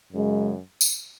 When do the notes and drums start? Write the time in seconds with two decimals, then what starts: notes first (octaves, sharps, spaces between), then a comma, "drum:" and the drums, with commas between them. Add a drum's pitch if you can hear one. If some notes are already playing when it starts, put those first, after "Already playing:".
0.12 F#2 C#3 G#3
0.81 drum: tambourine